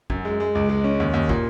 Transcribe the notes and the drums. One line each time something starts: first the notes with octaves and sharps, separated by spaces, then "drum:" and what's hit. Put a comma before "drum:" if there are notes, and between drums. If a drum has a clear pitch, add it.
F#2, drum: kick
G#3
G#3
C#2
G#3
C#4
D#2
D#2
A#2, drum: kick